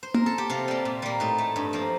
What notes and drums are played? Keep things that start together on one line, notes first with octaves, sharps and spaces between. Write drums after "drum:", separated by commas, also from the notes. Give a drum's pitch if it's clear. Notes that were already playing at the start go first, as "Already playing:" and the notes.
C5
A#4, drum: tom A#3
A4
G4
C3 F4
G3 A#3
A#2
G3 A#3
A2 D#4
A3
G2
F3 A#3